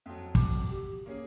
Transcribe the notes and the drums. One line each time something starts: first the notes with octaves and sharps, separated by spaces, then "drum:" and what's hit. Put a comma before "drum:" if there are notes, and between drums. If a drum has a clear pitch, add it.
F2 F#3
D6, drum: kick
G4
A#3 C#4 G#4